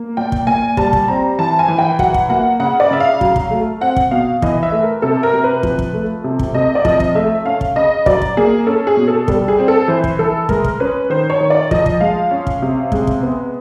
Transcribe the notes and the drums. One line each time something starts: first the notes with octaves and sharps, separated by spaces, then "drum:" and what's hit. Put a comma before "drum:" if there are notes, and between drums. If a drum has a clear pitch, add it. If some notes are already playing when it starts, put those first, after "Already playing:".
Already playing: A#3
A#2 G5
drum: kick
A#2 G#5
G3 A5, drum: kick
drum: kick
C4 A#5
E3 A5
G#5
E3
G5
F#3 F#5, drum: kick
drum: kick
A#3 F#5
C#3 F#5
D5
C#3 E5
F5
F#3, drum: kick
drum: kick
A3
C4 F#5
drum: kick
B2 F5
E3 D#5, drum: kick
E5
A3
A#4
C3 A4
A#4
C3
B4
F3, drum: kick
drum: kick
A3
C3
drum: kick
C3 D#5
D5
F3 D#5, drum: kick
drum: kick
A3 E5
C#4 F5
drum: kick
C#3 D#5
F#3 D5, drum: kick
drum: kick
A#3 G#4
C#4 A4
G#4
B2
A4
G3 A4, drum: kick
G#4
C4
A4
E3 C5
drum: kick
E3 A4
G#3 A#4, drum: kick
drum: kick
C#4 B4
D#3 C5
C#5
D#3
D5
F3 D#5, drum: kick
drum: kick
G#3 F5
C#4
drum: kick
C3
G#3, drum: kick
drum: kick
B3